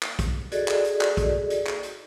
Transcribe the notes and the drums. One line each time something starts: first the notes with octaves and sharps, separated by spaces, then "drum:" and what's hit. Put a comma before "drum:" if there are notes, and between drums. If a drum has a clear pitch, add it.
drum: clap
drum: kick, hi-hat
F#4 G#4 A4 D5 D#5, drum: hi-hat
drum: clap
drum: hi-hat
drum: clap
drum: kick, hi-hat
drum: hi-hat
drum: clap
drum: hi-hat